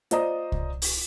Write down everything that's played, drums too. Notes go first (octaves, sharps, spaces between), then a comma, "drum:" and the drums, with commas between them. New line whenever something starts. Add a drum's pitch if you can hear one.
F4 C5 D5 D#5 A#5 D#6, drum: hi-hat
drum: kick C2
drum: open hi-hat